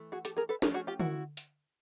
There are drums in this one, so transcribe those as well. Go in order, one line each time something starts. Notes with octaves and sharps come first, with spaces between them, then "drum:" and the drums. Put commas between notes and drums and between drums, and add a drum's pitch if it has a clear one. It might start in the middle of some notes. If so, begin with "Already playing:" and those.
Already playing: E3 A3
F#4 G#4
G4 A4, drum: hi-hat
G#4 A#4
A4 B4
F3 A3 C#4 G#4 A#4, drum: snare
F#4 G#4
F4 G4
E4 F#4, drum: tom D3
drum: hi-hat